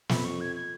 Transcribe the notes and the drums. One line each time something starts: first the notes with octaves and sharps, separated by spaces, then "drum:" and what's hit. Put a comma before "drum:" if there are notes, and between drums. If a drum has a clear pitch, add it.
F2 B5, drum: snare
C#6
G#6
G#6